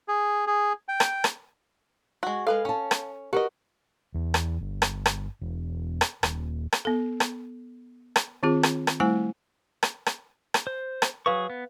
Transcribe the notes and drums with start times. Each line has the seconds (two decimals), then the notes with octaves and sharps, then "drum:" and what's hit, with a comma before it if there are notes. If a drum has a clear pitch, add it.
0.08 G#4
0.47 G#4
0.88 G5
1.00 drum: rim click
1.24 drum: rim click
2.23 G#3 F#4
2.47 G#3 A4 B4 F5
2.65 C#4 F5 A5
2.91 drum: rim click
3.33 F#4 G4 A#4 B4 D#5
4.14 E2
4.34 drum: rim click
4.61 G1
4.82 drum: rim click
5.06 drum: rim click
5.41 E1
6.01 drum: rim click
6.23 D#1, drum: rim click
6.73 drum: rim click
6.85 B3 A4
7.20 drum: rim click
8.16 drum: rim click
8.43 D#3 C4 F4 G#4
8.63 drum: rim click
8.87 drum: rim click
9.00 G3 A3 E4 C5 G#5
9.83 drum: rim click
10.06 drum: rim click
10.54 drum: rim click
10.67 C5
11.02 drum: rim click
11.26 F#3 G#4 B4 F5 C#6
11.50 B3